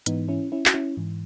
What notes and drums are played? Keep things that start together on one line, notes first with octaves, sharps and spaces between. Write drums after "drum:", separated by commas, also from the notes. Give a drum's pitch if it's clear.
G#2 E3 B3 D#4, drum: hi-hat
C#4 E4
C#4 E4
F#4, drum: clap
C#4 E4
G#2 E3